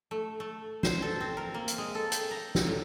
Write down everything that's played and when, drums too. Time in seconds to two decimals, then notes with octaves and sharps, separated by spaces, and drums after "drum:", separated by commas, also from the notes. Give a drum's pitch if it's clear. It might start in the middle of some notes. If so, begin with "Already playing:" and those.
0.11 A3
0.40 A3
0.83 C5, drum: snare
1.02 A4
1.20 C4
1.37 A#4
1.54 A#3
1.68 drum: hi-hat
1.78 G#3
1.95 A4
2.12 G5, drum: hi-hat
2.31 A#5
2.55 drum: snare
2.66 A2